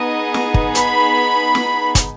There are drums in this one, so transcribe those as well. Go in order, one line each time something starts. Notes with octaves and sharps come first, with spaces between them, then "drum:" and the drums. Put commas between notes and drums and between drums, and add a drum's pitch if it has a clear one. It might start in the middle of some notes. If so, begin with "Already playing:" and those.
Already playing: B3 D#4 G#4 D#5
drum: snare
drum: kick
B5, drum: hi-hat
drum: snare
drum: kick, hi-hat